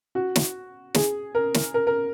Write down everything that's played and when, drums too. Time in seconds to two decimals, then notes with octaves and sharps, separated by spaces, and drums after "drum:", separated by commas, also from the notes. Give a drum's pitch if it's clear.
0.15 F#4
0.36 drum: snare
0.94 G#4, drum: snare
1.35 A#4
1.54 drum: snare
1.74 A#4
1.87 A#4